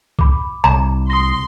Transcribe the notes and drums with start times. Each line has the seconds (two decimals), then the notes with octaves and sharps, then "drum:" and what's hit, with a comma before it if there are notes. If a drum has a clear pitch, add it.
0.19 B5 D6, drum: kick C2
0.64 C2 A#5
1.10 C6 D#6 A#6